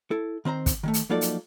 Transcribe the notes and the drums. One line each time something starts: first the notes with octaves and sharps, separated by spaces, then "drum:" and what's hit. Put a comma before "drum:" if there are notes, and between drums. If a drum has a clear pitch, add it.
E4 A4
D#3 C4 C5 A#5
drum: kick, hi-hat
D#3 G#3 A3
drum: hi-hat
F3 F#3 A#3 D#4 A4 D5
drum: hi-hat